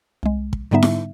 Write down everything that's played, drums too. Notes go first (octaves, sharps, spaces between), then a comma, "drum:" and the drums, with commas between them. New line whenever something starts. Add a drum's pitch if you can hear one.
C2 G#3
drum: kick
G#2 D3 G3 B3 D#4 E5
drum: snare E4